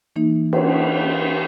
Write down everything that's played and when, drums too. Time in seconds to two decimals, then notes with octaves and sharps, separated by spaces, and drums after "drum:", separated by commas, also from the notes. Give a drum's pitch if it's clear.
0.16 E3 A#3 D#4
0.53 drum: cymbal